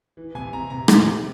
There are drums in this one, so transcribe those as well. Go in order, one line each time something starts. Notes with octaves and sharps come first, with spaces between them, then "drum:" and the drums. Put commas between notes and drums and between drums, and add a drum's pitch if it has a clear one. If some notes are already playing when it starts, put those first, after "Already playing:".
E3
C3 G#5
C3 A#5
C3 A#5
C3 G#5, drum: rim click
C3